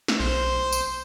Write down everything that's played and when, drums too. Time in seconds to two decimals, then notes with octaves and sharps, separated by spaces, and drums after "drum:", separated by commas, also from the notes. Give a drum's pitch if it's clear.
0.08 drum: snare
0.20 B1 C5
0.72 drum: tambourine